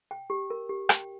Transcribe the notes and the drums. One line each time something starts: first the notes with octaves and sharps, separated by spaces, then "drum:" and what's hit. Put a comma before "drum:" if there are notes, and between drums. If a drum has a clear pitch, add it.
G5
G4
A#4
G4
G5, drum: rim click